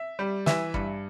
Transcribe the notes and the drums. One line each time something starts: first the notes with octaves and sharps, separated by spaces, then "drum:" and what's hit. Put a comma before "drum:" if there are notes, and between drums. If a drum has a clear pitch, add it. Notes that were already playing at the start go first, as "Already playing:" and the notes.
Already playing: E5
G3
E3 E5, drum: snare
G2, drum: kick